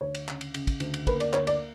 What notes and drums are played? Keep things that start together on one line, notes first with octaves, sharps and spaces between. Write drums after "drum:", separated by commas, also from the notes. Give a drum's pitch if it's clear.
D2 C#5
drum: cymbal
C#3, drum: clap
drum: cymbal
C#3, drum: cymbal
drum: kick, cymbal
D2, drum: cymbal
drum: cymbal
A#3 B4, drum: kick, cymbal
D5, drum: cymbal
D2 C#5, drum: clap
D5, drum: cymbal